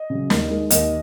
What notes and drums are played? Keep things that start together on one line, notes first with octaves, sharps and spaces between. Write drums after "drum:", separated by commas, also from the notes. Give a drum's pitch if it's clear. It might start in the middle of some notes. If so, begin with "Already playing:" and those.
Already playing: D#5
C#3 F#3
D#2, drum: snare
D#3 G#3
D#2 D#5, drum: hi-hat